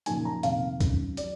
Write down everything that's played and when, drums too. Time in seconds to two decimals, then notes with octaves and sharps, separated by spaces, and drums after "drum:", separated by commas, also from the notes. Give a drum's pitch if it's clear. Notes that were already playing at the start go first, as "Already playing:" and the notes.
0.06 F#1 F#2 F3 A#3 D#4 G#5, drum: hi-hat
0.25 A#5
0.43 F1 F2 D#3 A#3 F5, drum: hi-hat
0.80 G#1 F#2 D#3 F#3, drum: kick, hi-hat
1.17 F#3 D5, drum: hi-hat